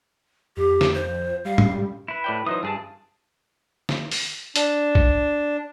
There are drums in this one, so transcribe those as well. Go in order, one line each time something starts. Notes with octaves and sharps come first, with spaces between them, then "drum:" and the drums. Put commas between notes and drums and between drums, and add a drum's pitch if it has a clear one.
F2 G4
drum: snare
C5
G3 F5
drum: tom
E4 B4
A2 D5 G5
E3 F#3 D#4 C5 D#6
G2 D4 G#4 A5
drum: snare
drum: open hi-hat
D4, drum: hi-hat
drum: kick A#1